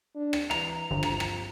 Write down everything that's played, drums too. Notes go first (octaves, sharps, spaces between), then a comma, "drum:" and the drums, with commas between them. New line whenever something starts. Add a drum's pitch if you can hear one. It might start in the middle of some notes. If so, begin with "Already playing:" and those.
D4
drum: rim click
E3 A#5, drum: rim click
G1 F3
drum: rim click
drum: rim click